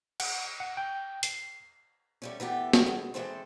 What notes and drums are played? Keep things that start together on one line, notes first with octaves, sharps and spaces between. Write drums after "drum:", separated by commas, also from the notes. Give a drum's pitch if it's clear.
F#5, drum: cymbal
F#5
G5
C7, drum: hi-hat
G3 A3 C#4
E3 A3 B3 G4
drum: snare
B2 G#3
E3 G#3 A3 C4 A4 C5